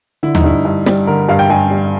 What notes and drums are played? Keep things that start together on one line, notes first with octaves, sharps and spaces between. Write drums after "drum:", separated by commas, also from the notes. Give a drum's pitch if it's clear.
D3 E4
D#4, drum: tom D#2
G2 E4
G2
G3, drum: snare
D3 A#4
G2 F5
G5
G2 G#5
G3